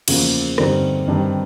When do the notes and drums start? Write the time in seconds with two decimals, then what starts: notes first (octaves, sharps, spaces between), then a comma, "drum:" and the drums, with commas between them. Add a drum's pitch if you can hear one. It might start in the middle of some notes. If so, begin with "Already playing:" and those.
0.08 E2 C#3 F3 A#3, drum: cymbal
0.58 G2 D3 G3 C4 D#4, drum: rim click
1.08 G2 D#3 G3 C4 D#4